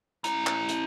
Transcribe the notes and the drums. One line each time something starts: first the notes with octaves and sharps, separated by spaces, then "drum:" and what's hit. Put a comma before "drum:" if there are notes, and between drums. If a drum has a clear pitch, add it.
E4 A#5, drum: hi-hat
drum: clap
drum: hi-hat